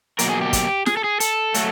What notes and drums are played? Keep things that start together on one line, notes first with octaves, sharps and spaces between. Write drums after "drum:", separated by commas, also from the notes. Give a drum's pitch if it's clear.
B2 F#3 A#3 A#4, drum: hi-hat
G#4
G4
drum: kick, hi-hat
G#4, drum: snare
A4
G#4
A4, drum: hi-hat
F#3 A3, drum: hi-hat